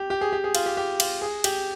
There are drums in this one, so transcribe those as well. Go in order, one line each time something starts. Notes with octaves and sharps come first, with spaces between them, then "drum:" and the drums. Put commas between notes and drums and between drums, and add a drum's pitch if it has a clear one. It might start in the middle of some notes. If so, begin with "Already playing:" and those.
Already playing: G4
G4
G#4
G4
G#4
F4, drum: cymbal
G4
G4
F4, drum: cymbal
G#4
G4, drum: cymbal